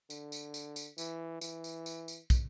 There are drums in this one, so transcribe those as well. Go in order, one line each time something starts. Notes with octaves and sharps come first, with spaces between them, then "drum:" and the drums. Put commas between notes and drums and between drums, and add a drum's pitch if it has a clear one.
D3, drum: tambourine
drum: tambourine
drum: tambourine
drum: tambourine
E3, drum: tambourine
E3, drum: tambourine
drum: tambourine
drum: tambourine
drum: tambourine
drum: kick, tambourine